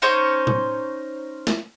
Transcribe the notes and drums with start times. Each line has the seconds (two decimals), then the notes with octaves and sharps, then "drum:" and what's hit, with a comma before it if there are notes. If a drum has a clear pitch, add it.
0.02 C#4 D#4 C5 C#5
0.47 drum: tom A2
1.47 drum: snare